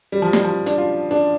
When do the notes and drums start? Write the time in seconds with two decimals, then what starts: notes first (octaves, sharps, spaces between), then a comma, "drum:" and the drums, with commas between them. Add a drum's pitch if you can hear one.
0.12 G3
0.22 F3
0.33 G3, drum: snare
0.44 F3
0.66 D4, drum: hi-hat
0.78 F4
1.11 D4